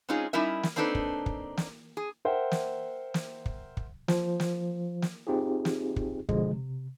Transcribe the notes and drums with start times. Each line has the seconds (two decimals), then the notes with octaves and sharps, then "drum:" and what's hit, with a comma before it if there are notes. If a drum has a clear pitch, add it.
0.09 G#3 C4 C#4 D#4 F4 G#4
0.33 G3 C#4 D#4 E4 A#4 E5
0.63 drum: snare
0.76 A#3 C4 D4 D#4 A4 B4
0.95 drum: kick
1.26 drum: kick
1.57 drum: snare
1.97 G#4
2.25 A#4 C5 E5 F#5 G5
2.51 drum: snare
3.14 drum: snare
3.46 drum: kick
3.77 drum: kick
4.08 F3, drum: snare
4.40 drum: snare
5.02 drum: snare
5.27 C4 D#4 F4 G4 G#4
5.65 drum: snare
5.96 drum: kick
6.29 B2 D3 F3 G#3, drum: kick
6.53 C3